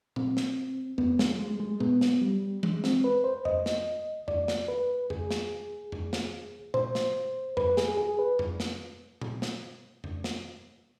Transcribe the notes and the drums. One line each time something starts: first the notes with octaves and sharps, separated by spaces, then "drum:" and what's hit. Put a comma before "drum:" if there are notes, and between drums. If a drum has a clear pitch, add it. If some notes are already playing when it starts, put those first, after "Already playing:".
C4, drum: tom A#2
drum: snare
B3, drum: tom F2
G#3, drum: snare
G#3
G#3
B3, drum: tom A#2
drum: snare
G3
G#3, drum: tom E3
C4, drum: snare
B4
C5
D#5, drum: tom F2
drum: snare
D5, drum: tom F2
drum: snare
B4
G#4, drum: tom F2
drum: snare
drum: tom F2
drum: snare
C5, drum: tom A#2
drum: snare
B4, drum: tom F2
G#4, drum: snare
G#4
B4
drum: tom F2
drum: snare
drum: tom A#2
drum: snare
drum: tom F2
drum: snare